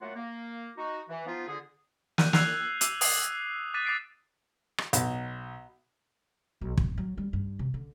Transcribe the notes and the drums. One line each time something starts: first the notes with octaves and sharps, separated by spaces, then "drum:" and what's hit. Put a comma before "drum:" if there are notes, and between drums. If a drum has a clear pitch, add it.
F#2 F#3 A3 A#3 F4 F#5
A#3
D#4 F#4
E3
F3 B3 D#4 F4
D3 G#4
F#6 G6 D#7, drum: snare
E6 F#6 G#6 C7 F7, drum: snare
D6 E6 D#7, drum: hi-hat
D#6 E6 C7, drum: open hi-hat
D6 F#6 A6 B6 D#7
D6 D#6 A6 C7 D7
drum: rim click
B1, drum: hi-hat
B1
A1, drum: kick
F#3
G3
G2
C3
D3